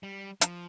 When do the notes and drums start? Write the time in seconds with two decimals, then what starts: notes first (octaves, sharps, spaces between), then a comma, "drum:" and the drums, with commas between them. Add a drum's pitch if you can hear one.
0.03 G3
0.41 F3, drum: hi-hat